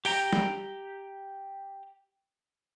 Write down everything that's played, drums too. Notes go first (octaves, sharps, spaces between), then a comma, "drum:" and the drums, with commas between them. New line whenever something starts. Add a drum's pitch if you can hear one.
G4 G5 A#5, drum: open hi-hat
drum: snare